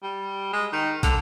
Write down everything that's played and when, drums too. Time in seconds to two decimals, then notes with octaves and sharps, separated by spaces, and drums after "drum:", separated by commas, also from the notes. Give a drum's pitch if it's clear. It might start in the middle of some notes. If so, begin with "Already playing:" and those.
0.03 G3
0.53 G#3
0.73 D#3
1.03 D3, drum: kick, hi-hat